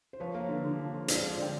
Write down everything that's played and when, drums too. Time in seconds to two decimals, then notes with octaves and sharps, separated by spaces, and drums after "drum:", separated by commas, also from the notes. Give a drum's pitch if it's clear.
0.13 C5
0.20 F3 B4 C#5
0.34 A#3
0.49 D3
0.64 D3
0.79 F3
0.94 F3
1.08 G#3 C5 D5, drum: hi-hat
1.23 F3
1.30 C5 D5
1.38 D3 G5